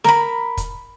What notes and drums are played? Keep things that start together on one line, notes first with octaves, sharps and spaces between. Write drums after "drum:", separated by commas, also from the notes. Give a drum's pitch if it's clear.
A#4 B5, drum: snare
drum: kick, hi-hat